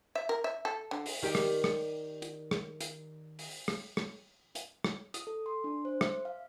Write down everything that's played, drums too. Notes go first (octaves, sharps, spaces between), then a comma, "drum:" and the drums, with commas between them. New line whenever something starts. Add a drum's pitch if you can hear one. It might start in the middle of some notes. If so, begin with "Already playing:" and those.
E5
A#4
E5
A4
D3
drum: open hi-hat
D#3 G4 D5
drum: rim click
drum: rim click
drum: hi-hat
drum: rim click
drum: hi-hat
drum: open hi-hat
drum: rim click
drum: rim click
drum: hi-hat
drum: rim click
D#6, drum: hi-hat
A4
C6
D4
C5
E5, drum: rim click
F5